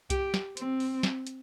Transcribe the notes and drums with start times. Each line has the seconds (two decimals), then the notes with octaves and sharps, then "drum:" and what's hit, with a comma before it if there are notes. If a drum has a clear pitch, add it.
0.10 G4, drum: kick C2, hi-hat
0.34 drum: snare
0.57 C4, drum: hi-hat
0.80 drum: open hi-hat
1.03 drum: snare
1.27 drum: hi-hat